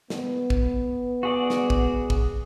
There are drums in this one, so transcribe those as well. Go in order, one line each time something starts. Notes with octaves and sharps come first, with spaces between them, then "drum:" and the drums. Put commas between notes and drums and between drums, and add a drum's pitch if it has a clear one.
B3, drum: snare
drum: kick
F#4 G#4 D5
drum: snare
drum: kick
drum: kick